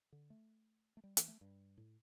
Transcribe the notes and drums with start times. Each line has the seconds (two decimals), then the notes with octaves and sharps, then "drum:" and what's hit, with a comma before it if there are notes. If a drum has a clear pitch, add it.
0.12 D3
0.30 A3
0.97 A3
1.04 G3
1.17 E3, drum: hi-hat
1.28 A3
1.41 G2
1.78 A2